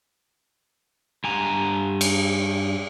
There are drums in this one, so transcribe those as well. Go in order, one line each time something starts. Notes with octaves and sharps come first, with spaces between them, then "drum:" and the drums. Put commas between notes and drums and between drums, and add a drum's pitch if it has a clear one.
G2 G#5 A#5
drum: cymbal